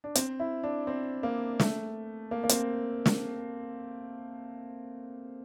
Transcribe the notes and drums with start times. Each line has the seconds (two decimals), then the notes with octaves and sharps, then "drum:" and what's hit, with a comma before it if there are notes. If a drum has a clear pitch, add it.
0.04 D4
0.15 C4, drum: hi-hat
0.40 E4
0.63 D4
0.87 C4
1.23 A#3
1.60 A3, drum: snare
2.31 A#3
2.44 A#3
2.49 C4, drum: hi-hat
3.06 drum: snare